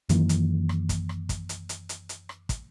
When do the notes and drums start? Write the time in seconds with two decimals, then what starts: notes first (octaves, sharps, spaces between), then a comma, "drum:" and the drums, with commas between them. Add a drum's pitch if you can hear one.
0.09 F#2 D#3 E3 A#3, drum: hi-hat
0.29 drum: hi-hat
0.69 drum: rim click
0.89 drum: kick, hi-hat
1.09 drum: rim click
1.29 drum: kick, hi-hat
1.49 drum: hi-hat
1.69 drum: hi-hat
1.89 drum: hi-hat
2.09 drum: hi-hat
2.29 drum: rim click
2.49 drum: kick, hi-hat